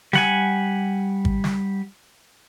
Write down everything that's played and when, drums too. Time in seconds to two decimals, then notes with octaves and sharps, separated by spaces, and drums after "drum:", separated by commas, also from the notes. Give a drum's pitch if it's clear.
0.13 G3 F#5 G#5, drum: snare
1.25 drum: kick
1.44 drum: snare